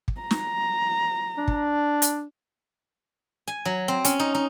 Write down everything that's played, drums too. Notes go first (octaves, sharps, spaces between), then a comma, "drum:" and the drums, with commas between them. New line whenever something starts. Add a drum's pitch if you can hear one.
drum: kick
A#5
drum: snare
D4
drum: kick
drum: hi-hat
G#5
F#3
C4
C#4, drum: hi-hat
D#4
D#4